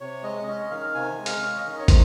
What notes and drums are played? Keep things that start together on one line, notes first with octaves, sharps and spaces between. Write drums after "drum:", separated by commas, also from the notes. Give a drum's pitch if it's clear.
C3 C#5
G#3 D#5
C#4 D#5
D#3 F5
C3 G#5
G#3
F5, drum: hi-hat
C#4
D#5
D#3
C#5
C3 C5, drum: kick, hi-hat